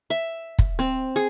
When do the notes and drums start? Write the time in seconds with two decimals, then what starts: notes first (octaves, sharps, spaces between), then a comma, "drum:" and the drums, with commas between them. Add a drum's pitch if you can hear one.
0.10 E5
0.59 drum: kick
0.79 C4
1.16 G#4